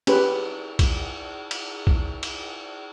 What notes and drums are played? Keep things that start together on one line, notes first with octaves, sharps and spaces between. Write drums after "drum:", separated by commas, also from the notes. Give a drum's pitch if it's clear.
C#4 G4 B4, drum: cymbal
drum: kick, cymbal
drum: cymbal
drum: kick
drum: cymbal